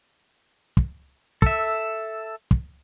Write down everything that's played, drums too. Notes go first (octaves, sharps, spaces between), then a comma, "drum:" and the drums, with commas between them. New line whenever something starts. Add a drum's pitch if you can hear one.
drum: kick
A4 E5, drum: kick
drum: kick